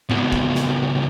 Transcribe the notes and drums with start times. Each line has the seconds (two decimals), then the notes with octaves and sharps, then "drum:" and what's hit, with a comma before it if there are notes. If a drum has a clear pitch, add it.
0.10 C#2 B2, drum: tom G#2
0.32 drum: kick
0.55 drum: snare